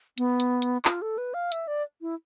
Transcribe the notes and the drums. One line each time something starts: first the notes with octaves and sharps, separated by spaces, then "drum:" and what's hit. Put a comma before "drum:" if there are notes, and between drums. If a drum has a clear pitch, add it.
B3, drum: hi-hat
drum: hi-hat
drum: hi-hat
F4, drum: clap
A4
B4
F5
E5, drum: hi-hat
D5
E4